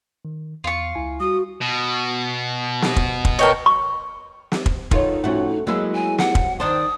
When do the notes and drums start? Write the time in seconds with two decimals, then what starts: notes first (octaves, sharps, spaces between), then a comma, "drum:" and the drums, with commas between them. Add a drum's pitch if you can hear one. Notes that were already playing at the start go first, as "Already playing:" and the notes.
0.25 D#3
0.64 E2 F4 C#6
0.95 C#2 E4 G#5
1.20 G3 F#4 D#6
1.61 B2
2.82 drum: snare
2.96 drum: kick
3.25 drum: kick
3.39 A#4 B4 C#5 D#5 G5 A5
3.66 C#6
4.52 drum: snare
4.66 drum: kick
4.91 D#3 B3 D#4 F4 A4 C#5, drum: kick
5.24 A2 F3 A3 C#4 F#4
5.67 F#3 G#3 A#3 E4 G#4 E6
5.94 G#5
6.18 F#5, drum: snare
6.35 drum: kick
6.60 D#3 D4 C5 A5 D#6